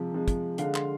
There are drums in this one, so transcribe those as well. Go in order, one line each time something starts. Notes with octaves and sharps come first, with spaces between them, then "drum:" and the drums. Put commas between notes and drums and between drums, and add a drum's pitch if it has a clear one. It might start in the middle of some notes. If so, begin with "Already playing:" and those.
Already playing: C3 F3 G#3
C3 F3 G#3
drum: kick, hi-hat
D3 G#3 F5, drum: hi-hat
C6, drum: clap